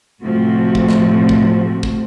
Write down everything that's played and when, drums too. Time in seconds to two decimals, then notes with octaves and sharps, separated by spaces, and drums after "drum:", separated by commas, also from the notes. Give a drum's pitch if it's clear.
0.21 A2 C3 F3 A3 C4 F#4
0.75 drum: kick
0.89 drum: snare
1.29 drum: kick
1.83 drum: kick